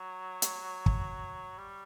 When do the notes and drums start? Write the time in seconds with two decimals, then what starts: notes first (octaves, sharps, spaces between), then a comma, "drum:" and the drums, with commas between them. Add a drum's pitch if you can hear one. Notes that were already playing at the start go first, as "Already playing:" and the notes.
Already playing: F#3
0.42 drum: hi-hat
0.86 drum: kick
1.58 G3